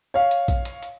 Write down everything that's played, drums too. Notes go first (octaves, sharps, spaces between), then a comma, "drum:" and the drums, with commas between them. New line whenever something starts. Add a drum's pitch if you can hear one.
C#5 F5
drum: hi-hat
drum: kick A#1, hi-hat
drum: hi-hat
drum: hi-hat